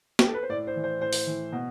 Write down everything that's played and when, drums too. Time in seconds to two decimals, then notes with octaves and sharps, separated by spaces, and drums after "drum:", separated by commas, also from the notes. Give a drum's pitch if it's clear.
0.19 G4, drum: snare
0.27 A4
0.34 B4
0.43 C5
0.49 A2 D5
0.67 C5
0.76 E3
0.84 C5
1.01 A2 C5
1.13 drum: open hi-hat
1.27 E3
1.52 B2